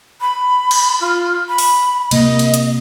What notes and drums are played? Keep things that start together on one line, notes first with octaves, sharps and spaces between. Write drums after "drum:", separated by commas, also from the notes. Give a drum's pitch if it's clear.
B5
drum: cymbal
F4
B5
drum: open hi-hat
C3 A#3 D#5, drum: cymbal
drum: cymbal
drum: hi-hat